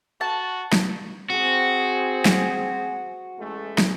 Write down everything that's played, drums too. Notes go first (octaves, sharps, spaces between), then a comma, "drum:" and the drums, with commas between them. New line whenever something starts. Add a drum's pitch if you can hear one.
F#4 A5
drum: snare
C4 F#4 G#4
drum: snare
A1 G#3 A3
drum: snare